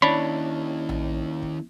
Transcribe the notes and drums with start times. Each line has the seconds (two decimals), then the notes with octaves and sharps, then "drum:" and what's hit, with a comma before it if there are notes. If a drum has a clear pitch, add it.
0.02 D#2 C#4 D4 E4 C#5 B5
0.89 drum: tom A#1
1.42 drum: kick